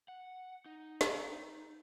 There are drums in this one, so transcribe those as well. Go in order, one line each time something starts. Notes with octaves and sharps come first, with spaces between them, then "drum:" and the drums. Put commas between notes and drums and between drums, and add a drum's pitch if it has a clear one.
F#5
D#4
drum: snare